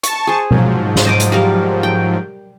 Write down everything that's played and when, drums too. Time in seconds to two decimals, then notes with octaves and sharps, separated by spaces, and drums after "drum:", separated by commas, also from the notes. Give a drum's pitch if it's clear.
0.03 A5 C#6, drum: hi-hat
0.27 G#4 C5
0.51 G#2 F3 F#3, drum: tom B2
0.96 drum: snare
1.05 C5 D#5 D6
1.20 drum: hi-hat
1.32 G3 A#4 F5
1.83 G5